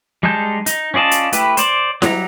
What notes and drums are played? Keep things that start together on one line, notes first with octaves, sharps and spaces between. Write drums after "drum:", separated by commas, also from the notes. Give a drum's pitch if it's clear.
G3 G#3 D#4 A5 G6
D#4, drum: hi-hat
C#4 F4 D5 D#5 A5
drum: hi-hat
A3 E4 G4 B4, drum: hi-hat
C5 D5, drum: hi-hat
F#3 G3 A#5, drum: snare E4